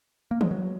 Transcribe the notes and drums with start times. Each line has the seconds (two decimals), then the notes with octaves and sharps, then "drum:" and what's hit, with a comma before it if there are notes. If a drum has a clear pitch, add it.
0.31 A#3
0.41 G#3, drum: tom D#3
0.51 F#3